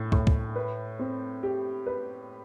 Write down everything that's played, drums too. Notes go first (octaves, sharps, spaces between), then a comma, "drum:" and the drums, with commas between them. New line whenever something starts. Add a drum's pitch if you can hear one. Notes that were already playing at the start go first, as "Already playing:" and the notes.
Already playing: A2
A2, drum: kick
drum: kick
B4
C4
G4
B4